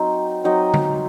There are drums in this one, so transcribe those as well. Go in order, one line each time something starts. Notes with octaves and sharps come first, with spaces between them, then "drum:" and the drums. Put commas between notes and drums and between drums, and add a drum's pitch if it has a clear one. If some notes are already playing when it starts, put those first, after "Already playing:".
Already playing: F#3 C4 D#4
F#3 C4 D#4 D#5
drum: tom D3